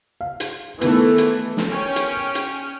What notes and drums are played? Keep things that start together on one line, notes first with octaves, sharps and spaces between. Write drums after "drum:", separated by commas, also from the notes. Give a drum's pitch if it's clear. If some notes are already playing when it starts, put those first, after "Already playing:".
F5
drum: hi-hat
D#3 E3 A3 B3 A4, drum: hi-hat
drum: hi-hat
drum: snare
C#4 G5
drum: hi-hat
drum: hi-hat